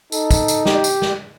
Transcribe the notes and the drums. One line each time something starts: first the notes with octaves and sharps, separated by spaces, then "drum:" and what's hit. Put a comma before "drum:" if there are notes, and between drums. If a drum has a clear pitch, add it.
D#4 A4, drum: tambourine
drum: kick, tambourine
drum: tambourine
G4, drum: snare
drum: tambourine
drum: snare